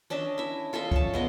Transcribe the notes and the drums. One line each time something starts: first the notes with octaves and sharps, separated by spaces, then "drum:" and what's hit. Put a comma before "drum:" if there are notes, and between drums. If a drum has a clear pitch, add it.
C#4 D4 D#5 E5
E4 E5
F4 A4 D#5 E5
C#5 A5, drum: kick
G#3 B3 D#5